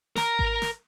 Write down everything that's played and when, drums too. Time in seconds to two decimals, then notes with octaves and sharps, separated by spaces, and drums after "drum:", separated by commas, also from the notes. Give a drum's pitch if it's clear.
0.16 A#4 A#5, drum: snare
0.39 drum: kick G#1
0.62 drum: snare